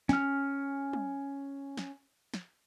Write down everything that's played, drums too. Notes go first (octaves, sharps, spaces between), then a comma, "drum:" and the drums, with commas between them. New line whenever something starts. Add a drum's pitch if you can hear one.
C#4 F6, drum: snare
drum: tom
drum: snare
drum: snare